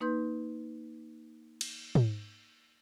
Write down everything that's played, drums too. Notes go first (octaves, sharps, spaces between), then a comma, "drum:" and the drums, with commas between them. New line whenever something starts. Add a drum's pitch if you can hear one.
A#3 D#4 B4 C6 G6
drum: cymbal
drum: tom